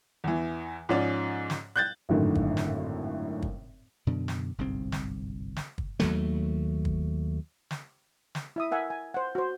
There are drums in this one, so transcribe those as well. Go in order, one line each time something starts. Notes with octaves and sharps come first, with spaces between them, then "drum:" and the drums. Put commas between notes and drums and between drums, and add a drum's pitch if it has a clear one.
E2 E3
G#2 F3 C#4 D5
drum: snare
F#6 G6 A6
G#1 F#2 A2 D3 D#3
drum: kick
drum: snare
drum: kick
F#2 B2 D3 D4
drum: snare
G1 C2 G#2 C4
drum: snare
drum: snare
drum: kick
D#2 F#3 A3, drum: snare
drum: kick
drum: snare
drum: snare
E4 E5 D#6
A#4 E5 F#5 G#5
G#5
C5 F#5
F#4 C5